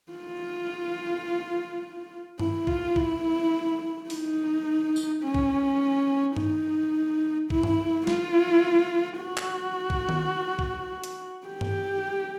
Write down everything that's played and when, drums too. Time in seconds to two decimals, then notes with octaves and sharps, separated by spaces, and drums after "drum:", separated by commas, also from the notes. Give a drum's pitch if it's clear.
0.12 F4
2.39 E4, drum: tom G2
2.67 F4, drum: kick B1
2.96 E4, drum: kick B1
4.10 D#4, drum: open hi-hat
4.96 drum: tambourine
5.23 C#4
5.34 drum: kick B1
6.36 D#4, drum: tom G2
7.50 E4, drum: kick B1
7.63 drum: tom G2
8.07 F4, drum: snare
9.21 F#4
9.37 drum: clap
9.90 drum: kick B1
10.09 drum: tom D#3
10.59 drum: kick B1
11.04 drum: hi-hat
11.47 G4
11.61 drum: tom G2